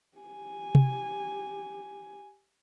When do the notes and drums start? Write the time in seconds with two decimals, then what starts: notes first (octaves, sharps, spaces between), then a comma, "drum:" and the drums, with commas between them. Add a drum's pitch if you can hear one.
0.18 G4 G#5
0.75 drum: tom C3